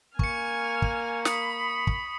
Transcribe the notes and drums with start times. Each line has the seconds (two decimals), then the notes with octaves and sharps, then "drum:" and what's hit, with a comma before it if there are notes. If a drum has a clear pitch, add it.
0.19 A#3 G#5 C#6 F6 C#7, drum: kick
0.82 drum: kick
1.25 B5 D#6 C#7, drum: snare
1.87 drum: kick